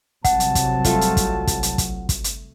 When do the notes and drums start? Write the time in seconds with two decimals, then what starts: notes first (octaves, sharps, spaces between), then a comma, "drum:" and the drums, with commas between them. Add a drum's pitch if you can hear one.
0.25 C2 C3 F#3 F#5 A5, drum: kick, hi-hat
0.40 drum: hi-hat
0.55 drum: kick, hi-hat
0.84 A3 F4 A4, drum: kick, hi-hat
1.01 drum: hi-hat
1.17 drum: kick, hi-hat
1.47 drum: kick, hi-hat
1.63 drum: hi-hat
1.78 drum: kick, hi-hat
2.09 drum: kick, hi-hat
2.24 drum: hi-hat